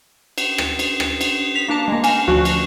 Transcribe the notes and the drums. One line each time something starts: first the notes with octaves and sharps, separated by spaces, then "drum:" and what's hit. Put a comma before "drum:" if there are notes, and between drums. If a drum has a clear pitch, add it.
drum: cymbal
drum: rim click
drum: cymbal
drum: rim click
drum: cymbal
B6 F7
A#3 D4 A5
G#3 A#3
G#5 F6, drum: cymbal
D2 F3 F#4 C#6
drum: cymbal